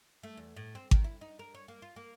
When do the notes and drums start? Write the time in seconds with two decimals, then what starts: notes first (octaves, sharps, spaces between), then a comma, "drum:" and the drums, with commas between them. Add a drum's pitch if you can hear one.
0.23 A3
0.37 E2
0.56 A2
0.75 C4
0.91 D#3, drum: kick G#1
1.04 E4
1.21 D#4
1.39 A#4
1.55 C#5
1.68 A#3
1.82 F4
1.96 A#3